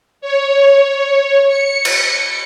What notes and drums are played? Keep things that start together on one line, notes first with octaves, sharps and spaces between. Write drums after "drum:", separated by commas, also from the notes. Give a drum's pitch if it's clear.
C#5
C#7
drum: cymbal